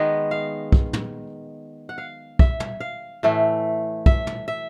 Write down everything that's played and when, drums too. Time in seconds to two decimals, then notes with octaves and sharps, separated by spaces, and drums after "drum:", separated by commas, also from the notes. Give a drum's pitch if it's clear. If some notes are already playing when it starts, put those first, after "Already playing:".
Already playing: D#3 G#3 B3
0.31 F5
0.72 drum: kick
0.93 drum: tom
1.89 F#5
1.98 F5
2.39 E5, drum: kick
2.60 drum: tom
2.80 F5
3.23 A2 E3 A3
4.06 E5, drum: kick
4.27 drum: tom
4.48 E5